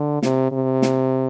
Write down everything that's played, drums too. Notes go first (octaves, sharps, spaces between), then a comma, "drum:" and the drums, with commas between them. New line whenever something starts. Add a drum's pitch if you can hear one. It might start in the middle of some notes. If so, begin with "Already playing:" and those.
Already playing: D3
C3, drum: snare
C3
drum: snare